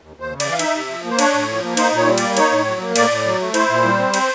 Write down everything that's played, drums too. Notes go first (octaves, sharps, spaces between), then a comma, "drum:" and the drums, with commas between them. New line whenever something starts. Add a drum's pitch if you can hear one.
D#2
D#2 C5
C#3
D5, drum: cymbal
E3
F5
D#4 E5, drum: cymbal
C3
F3
A#3
C5
D4 C#5, drum: cymbal
A2
F3
A#3
D#4 C5, drum: cymbal
A#2 C#5
G3
A#3 D5, drum: cymbal
D#4 C#5, drum: cymbal
A2
F#3
A#3
A2 D5, drum: cymbal
A2
F#3
A3
E4 C5, drum: cymbal
A#2
G3
C4
C4, drum: cymbal